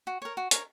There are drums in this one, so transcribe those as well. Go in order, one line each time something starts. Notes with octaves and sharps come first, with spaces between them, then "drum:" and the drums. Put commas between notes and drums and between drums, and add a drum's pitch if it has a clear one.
F#4
A#4 C#5
F#4
A#4 C#5, drum: hi-hat